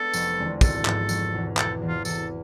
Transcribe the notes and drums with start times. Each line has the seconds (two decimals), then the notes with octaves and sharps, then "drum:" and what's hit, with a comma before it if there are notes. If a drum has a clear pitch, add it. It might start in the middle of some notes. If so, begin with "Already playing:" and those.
Already playing: G#3 B3 D4 A4
0.13 F1, drum: tambourine
0.37 E2 D3 G#3 C4
0.61 G#1 A4, drum: kick, tambourine
0.85 G#2 F3 B3, drum: clap
1.09 F1, drum: tambourine
1.34 E2 B2
1.57 E1 A4, drum: clap
1.82 E2 C3 E3 B3
1.89 F4
2.05 E2 A4, drum: tambourine